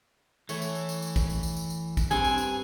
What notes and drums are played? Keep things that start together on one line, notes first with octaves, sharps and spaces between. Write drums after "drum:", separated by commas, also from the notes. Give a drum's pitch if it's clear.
E3 A3 C#5, drum: tambourine
drum: tambourine
drum: tambourine
drum: tambourine
drum: tambourine
drum: kick, tambourine
drum: tambourine
drum: tambourine
drum: tambourine
drum: tambourine
drum: kick, tambourine
G2 C4 G#5, drum: tambourine
drum: tambourine
drum: tambourine